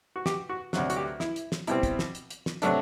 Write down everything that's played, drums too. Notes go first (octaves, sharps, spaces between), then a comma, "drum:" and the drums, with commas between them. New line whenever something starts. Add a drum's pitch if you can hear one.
F#4
G4, drum: snare
F#4
D2 C3 F#3, drum: snare
F#4, drum: hi-hat
G4
E4, drum: snare
drum: hi-hat
drum: snare
B2 G3 C4 E4, drum: hi-hat
drum: kick, hi-hat
drum: snare
drum: hi-hat
drum: hi-hat
drum: snare
C3 F#3 A3 D4, drum: hi-hat